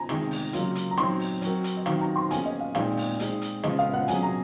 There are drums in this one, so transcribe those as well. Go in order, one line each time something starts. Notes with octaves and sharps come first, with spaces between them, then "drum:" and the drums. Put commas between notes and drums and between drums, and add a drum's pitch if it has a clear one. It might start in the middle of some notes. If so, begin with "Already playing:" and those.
Already playing: G#5 A#5
C3 D#3 G#3 D#4 G#4, drum: rim click
drum: open hi-hat
C#3 F#3 A#3 F4, drum: hi-hat
drum: hi-hat
A#5
F#3 C4 D#4 C6, drum: rim click
drum: open hi-hat
F#3 C4 F#4 A#4, drum: hi-hat
drum: hi-hat
D#5
D#3 F#3 C4 F#4 F5, drum: rim click
A#5
C6
F3 A#3 C#4 G#4 G#5, drum: hi-hat
D#5
F5
A#2 F3 G#3 C4 D#4 F5, drum: rim click
drum: open hi-hat
G#3 C4 D#4 G#4, drum: hi-hat
drum: hi-hat
C#3 F3 G#3 D#5, drum: rim click
F5
F#5
C3 F#3 C#4 G#4 G#5, drum: hi-hat
A#5